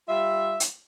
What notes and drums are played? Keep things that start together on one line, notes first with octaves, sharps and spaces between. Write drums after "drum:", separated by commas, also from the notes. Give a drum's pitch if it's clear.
G3 F4 E5
drum: hi-hat